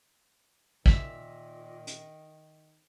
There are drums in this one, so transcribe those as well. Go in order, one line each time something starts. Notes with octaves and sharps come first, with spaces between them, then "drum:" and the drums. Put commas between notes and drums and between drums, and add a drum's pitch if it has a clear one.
A#2 D#3 E5, drum: kick
drum: hi-hat